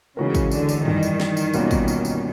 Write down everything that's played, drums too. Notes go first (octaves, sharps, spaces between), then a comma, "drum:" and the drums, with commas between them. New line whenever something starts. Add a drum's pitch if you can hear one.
C#3 E3 G#3 C#4 F#4 A#4
drum: kick, tambourine
D3, drum: tambourine
drum: tambourine
G2 D#3 E3 G3, drum: tom
drum: tambourine
drum: snare
drum: tambourine
B2 G3 A#3 C#4 F4, drum: tambourine
drum: kick, tambourine
drum: tambourine
drum: tambourine